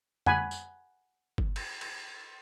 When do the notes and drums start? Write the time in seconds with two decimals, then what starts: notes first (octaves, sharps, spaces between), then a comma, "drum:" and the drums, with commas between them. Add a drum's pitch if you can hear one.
0.26 F#5 G#5 B5, drum: tom F2
0.51 drum: tambourine
1.38 drum: kick G1
1.56 drum: cymbal
1.81 drum: cymbal